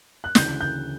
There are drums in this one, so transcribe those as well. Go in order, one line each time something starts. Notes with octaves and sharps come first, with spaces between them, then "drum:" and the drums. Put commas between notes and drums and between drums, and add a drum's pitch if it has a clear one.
F#6
D2 C#3 E3 G6, drum: snare
G6